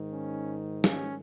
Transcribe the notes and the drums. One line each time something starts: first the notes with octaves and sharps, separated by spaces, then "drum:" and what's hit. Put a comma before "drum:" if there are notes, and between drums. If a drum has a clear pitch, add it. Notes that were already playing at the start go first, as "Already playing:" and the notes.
Already playing: G#2 D#3
C#4
C#4, drum: snare